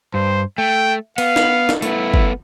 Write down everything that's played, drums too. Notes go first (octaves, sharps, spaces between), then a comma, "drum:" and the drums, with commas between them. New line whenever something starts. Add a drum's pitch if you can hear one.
G2 C5
A3 G5
B3 F5, drum: cymbal
drum: snare
drum: snare
A3 B3 E4, drum: hi-hat
drum: kick